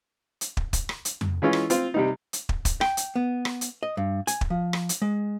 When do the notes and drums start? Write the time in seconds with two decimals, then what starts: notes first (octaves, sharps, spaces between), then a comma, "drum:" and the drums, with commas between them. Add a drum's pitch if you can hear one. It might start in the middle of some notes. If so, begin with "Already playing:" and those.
0.41 drum: hi-hat
0.57 drum: kick
0.73 drum: kick, hi-hat
0.89 drum: rim click
1.05 drum: hi-hat
1.21 drum: tom F2
1.42 E3 G#3 C#4 F4
1.53 drum: rim click
1.70 C4 F4, drum: hi-hat
1.94 C3 G3 D#4
2.33 drum: hi-hat
2.49 drum: kick
2.65 drum: kick, hi-hat
2.81 G5, drum: rim click
2.97 drum: hi-hat
3.16 B3
3.45 drum: rim click
3.61 drum: hi-hat
3.83 D#5
3.97 G2
4.27 G#5, drum: hi-hat
4.41 drum: kick
4.50 F3
4.73 drum: rim click
4.89 drum: hi-hat
5.02 G#3